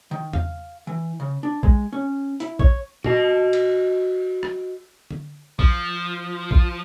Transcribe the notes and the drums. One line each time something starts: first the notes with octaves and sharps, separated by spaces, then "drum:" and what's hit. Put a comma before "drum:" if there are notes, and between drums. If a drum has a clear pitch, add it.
D#3
F5, drum: tom E2
E3
C#3
D4
G#3, drum: kick
C#4
E4, drum: hi-hat
C#5, drum: kick
F#4 D#5, drum: tom
drum: cymbal
drum: rim click
drum: tom D3
F3, drum: kick
drum: kick